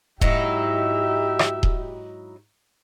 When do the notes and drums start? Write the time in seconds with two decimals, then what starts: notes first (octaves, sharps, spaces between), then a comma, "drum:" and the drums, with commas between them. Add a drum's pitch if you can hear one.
0.21 G#2 F#3 D#4 E4 G4 E5, drum: kick D#1
1.39 drum: rim click
1.63 drum: kick D#1